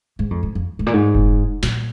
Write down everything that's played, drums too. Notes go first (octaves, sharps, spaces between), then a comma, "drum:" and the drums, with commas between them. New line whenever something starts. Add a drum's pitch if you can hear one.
G#2
F2
G#2
F2
G#2
A#2
G#2
drum: kick F1
A#2, drum: snare